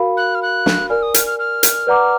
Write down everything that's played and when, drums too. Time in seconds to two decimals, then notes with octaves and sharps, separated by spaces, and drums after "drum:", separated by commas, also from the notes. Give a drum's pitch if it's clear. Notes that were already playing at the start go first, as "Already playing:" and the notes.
Already playing: F#4 A#4 F5 B5
0.17 F#6
0.35 F6
0.42 F#6
0.66 drum: snare
0.90 A#4 D5 G#5 F6
1.02 D#6
1.14 F6, drum: hi-hat
1.27 F6
1.39 F6
1.63 drum: hi-hat
1.87 B4 D5 F#5 A#5 D6